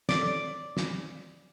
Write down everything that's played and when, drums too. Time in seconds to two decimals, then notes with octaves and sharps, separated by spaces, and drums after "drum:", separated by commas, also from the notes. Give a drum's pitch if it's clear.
0.09 D5, drum: snare
0.77 drum: snare